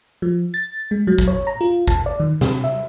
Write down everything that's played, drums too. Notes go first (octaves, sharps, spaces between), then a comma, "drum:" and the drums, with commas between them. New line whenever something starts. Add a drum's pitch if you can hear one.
F3
A6
G#3
F#3
drum: kick G#1
C#5
A#5
F4
A5, drum: kick G#1
D5
D#3
C3, drum: snare
E5